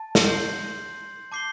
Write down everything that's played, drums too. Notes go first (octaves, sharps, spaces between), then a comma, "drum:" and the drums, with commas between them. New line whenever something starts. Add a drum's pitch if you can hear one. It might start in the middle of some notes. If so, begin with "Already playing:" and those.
Already playing: A5
drum: snare
C6 G6 C7 F#7
A5 D6 G6 C7 G7